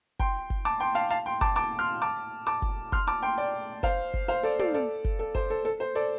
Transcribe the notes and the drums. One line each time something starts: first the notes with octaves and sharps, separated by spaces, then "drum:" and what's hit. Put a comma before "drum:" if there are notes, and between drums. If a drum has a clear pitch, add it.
G5 C6, drum: kick
drum: kick
A5 D6
G5 C6
F5 A5
F5 A5
G5 C6
A5 D6, drum: kick
A5 D6
C6 F6
A5 D6
A5 D6
drum: kick
C6 F6, drum: kick
A5 D6
G5 C6
D5 G5
C5 F5, drum: kick
drum: kick
C5 F5
A4 D5
A4 D5, drum: tom
A4 D5
drum: kick
A4
C5, drum: kick
A4
A4
C5
A4 D5